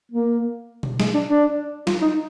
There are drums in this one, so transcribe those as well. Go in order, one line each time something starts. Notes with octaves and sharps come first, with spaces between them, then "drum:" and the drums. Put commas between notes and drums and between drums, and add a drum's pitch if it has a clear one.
A#3
drum: tom B2
G#3, drum: snare
D4
D4
F4, drum: snare
D#4